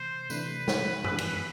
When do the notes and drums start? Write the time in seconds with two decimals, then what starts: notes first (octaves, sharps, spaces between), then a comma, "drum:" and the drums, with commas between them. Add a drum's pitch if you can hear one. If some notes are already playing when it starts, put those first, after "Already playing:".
Already playing: C3 E3 A3 C5
0.30 C3 E3 A3 D4 B4, drum: tambourine
0.68 drum: snare
1.04 F#2 E3 B3 D4, drum: tom F#2
1.18 drum: cymbal